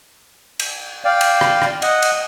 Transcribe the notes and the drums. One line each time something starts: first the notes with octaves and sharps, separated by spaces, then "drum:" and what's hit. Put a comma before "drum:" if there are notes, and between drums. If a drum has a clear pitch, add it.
drum: cymbal
D5 F5 G5
drum: cymbal
drum: rim click
drum: rim click
D#5 F#5, drum: cymbal
drum: cymbal